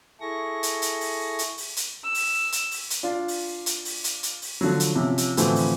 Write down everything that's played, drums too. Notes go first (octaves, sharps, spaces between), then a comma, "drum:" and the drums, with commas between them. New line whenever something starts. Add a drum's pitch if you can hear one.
E4 G#4 A4 C#6 A#6
drum: hi-hat
drum: hi-hat
drum: open hi-hat
drum: hi-hat
drum: open hi-hat
drum: hi-hat
E6
drum: open hi-hat
drum: hi-hat
drum: open hi-hat
drum: hi-hat
D4 F4
drum: open hi-hat
drum: hi-hat
drum: open hi-hat
drum: hi-hat
drum: hi-hat
drum: open hi-hat
D3 F3 F#3
drum: hi-hat
C3 F3 C#4
drum: hi-hat
A2 D3 E3 F3 C4 F#4, drum: hi-hat
drum: open hi-hat